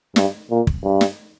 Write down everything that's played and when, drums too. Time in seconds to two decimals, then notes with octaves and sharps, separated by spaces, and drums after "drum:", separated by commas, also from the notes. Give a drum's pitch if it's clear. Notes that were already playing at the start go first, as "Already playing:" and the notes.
0.16 G2, drum: snare
0.51 A#2
0.67 drum: kick
0.83 G2
1.01 drum: snare